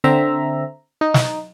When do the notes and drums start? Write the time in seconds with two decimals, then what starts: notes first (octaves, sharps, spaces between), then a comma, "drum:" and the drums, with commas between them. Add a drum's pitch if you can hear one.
0.04 D3 C4 E5 A#5
1.01 D#4
1.14 drum: snare